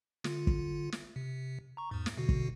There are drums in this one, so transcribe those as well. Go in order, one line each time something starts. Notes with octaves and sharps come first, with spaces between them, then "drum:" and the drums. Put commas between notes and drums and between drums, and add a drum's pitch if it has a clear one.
D3 F4, drum: snare
drum: kick
drum: snare
C3
A#5 C#6
E2 G#2
drum: snare
B2 D3 F#4
drum: kick